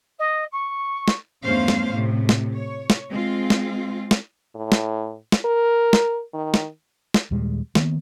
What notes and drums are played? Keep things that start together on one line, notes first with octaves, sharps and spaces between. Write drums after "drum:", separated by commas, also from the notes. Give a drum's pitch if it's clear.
D#5
C#6
drum: snare
E2 G2 A3 C#4 C5 F5
drum: snare
A2 C3
drum: snare
C#5
drum: snare
G#3 C4 F4
drum: snare
drum: snare
A2
drum: snare
drum: snare
A#4
drum: snare
D#3
drum: snare
drum: snare
D#2 A#2 G3 G#3
D#3 A#3 B3, drum: snare